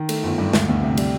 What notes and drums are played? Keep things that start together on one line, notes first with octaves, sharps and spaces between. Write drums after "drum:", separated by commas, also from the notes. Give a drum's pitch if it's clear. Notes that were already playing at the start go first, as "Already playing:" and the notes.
Already playing: D#3
A3, drum: cymbal
G1
G2
D2, drum: snare
D2
C3
G3, drum: cymbal